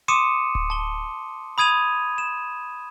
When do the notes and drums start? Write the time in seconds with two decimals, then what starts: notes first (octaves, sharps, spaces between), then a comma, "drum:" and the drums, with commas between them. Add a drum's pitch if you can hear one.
0.08 C6 D6 D#6 C#7 D#7 E7
0.55 drum: kick D1
0.70 A5 G7
1.58 B5 D#6 G#6 D#7 F7
2.18 E7